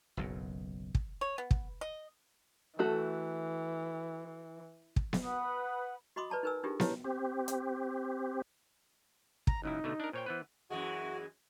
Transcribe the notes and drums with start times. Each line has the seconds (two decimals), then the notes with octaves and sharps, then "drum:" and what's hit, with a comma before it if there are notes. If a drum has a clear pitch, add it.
0.17 F#1 B1 F#2
0.95 drum: kick
1.21 C#5
1.38 B3
1.51 drum: kick
1.81 D#5
2.79 E3 A3 F#4 A4
4.96 drum: kick
5.13 drum: snare B3
5.23 B4 F#5 B5 D#6
6.16 F#4 D#5 B5 C6 D6 D#6
6.30 B4 D5 A5 A#5
6.43 D#4 A#4 B4 G#5 E6
6.63 D4 D#4 F4 G4 G#4 A#4
6.80 E4 G4 B4 C#5 A5, drum: snare B3
7.04 C4 G4
7.48 drum: hi-hat
9.47 A#5, drum: kick
9.63 C#2 F#2 D#4 E4
9.84 B2 D3 A3
10.00 D4 A#4
10.13 A#2 C5 C#5 G5
10.26 E3 B3 B4
10.70 F#2 E3 G#3 F#4